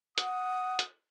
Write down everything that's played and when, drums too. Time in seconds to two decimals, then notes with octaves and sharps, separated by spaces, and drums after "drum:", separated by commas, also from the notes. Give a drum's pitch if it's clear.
0.18 F#5 D#6, drum: hi-hat
0.79 drum: hi-hat